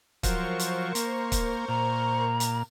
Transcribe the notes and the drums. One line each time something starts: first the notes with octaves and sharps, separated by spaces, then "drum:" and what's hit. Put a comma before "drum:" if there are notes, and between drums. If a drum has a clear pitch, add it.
F3 F#3 A#4 C5 C#6, drum: kick, hi-hat
drum: hi-hat
A#3, drum: hi-hat
drum: kick, hi-hat
A#2 A#5
drum: hi-hat